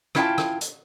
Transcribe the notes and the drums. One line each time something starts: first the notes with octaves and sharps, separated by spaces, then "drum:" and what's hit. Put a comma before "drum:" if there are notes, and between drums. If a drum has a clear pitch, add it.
C#4 E4 F4 F5 G5 A5, drum: rim click
drum: rim click
drum: hi-hat